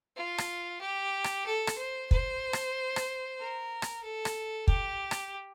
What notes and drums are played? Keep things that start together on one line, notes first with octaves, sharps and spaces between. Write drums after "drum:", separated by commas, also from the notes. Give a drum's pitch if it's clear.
F4
drum: rim click
G4
drum: rim click
A4
drum: rim click
C5
C5, drum: kick
drum: rim click
drum: rim click
A#4
drum: rim click
A4
drum: rim click
G4, drum: kick
drum: rim click